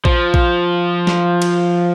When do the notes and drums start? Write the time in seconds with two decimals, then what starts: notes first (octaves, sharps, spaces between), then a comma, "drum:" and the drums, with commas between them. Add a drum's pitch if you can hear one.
0.05 F3, drum: kick A#1
0.34 drum: kick A#1
1.07 drum: snare
1.42 drum: cymbal